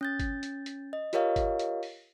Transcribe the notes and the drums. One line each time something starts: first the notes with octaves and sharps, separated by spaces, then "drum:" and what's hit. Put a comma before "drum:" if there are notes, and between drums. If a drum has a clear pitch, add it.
C#4 G6 A6
drum: kick, hi-hat
drum: hi-hat
drum: hi-hat
D#5
F4 G4 A#4 C#5 D#5 F5, drum: hi-hat
drum: kick, hi-hat
drum: hi-hat
drum: open hi-hat